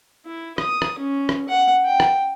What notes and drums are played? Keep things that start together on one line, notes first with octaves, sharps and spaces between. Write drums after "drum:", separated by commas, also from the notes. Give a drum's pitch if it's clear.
E4
D#6, drum: rim click
drum: rim click
C#4
drum: rim click
F#5
G5
drum: rim click